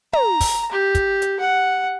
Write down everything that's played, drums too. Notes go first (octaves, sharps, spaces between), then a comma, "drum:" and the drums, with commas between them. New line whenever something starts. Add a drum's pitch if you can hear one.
A#5, drum: tom
drum: kick, open hi-hat
G4
drum: kick, hi-hat
drum: hi-hat
F#5